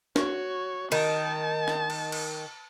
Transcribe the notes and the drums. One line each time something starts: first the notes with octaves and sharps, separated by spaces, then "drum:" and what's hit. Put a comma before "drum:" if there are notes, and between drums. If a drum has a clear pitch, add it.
F#4 C#5, drum: snare
D#3 A5, drum: cymbal
drum: rim click
drum: cymbal
drum: cymbal